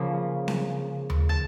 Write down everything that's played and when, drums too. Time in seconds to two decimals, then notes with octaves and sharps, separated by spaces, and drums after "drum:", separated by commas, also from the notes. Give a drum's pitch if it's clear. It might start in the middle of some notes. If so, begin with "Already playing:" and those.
Already playing: C#3 F3 A#3
0.48 drum: snare C4
1.10 drum: tom D#2
1.29 A5